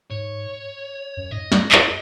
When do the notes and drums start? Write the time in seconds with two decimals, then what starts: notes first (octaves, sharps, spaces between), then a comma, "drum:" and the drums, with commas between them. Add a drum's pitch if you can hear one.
0.11 G#2 C#5
1.17 F#2
1.31 G#2 D#5
1.52 F#2, drum: snare
1.72 F#2, drum: clap